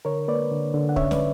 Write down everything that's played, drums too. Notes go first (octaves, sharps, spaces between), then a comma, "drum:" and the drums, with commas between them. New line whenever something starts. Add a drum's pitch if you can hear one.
D3 A#4 C#5
A#3 B4 D5
D3
D3
F#5
C#4 C#5 E5, drum: kick
B4 D5, drum: snare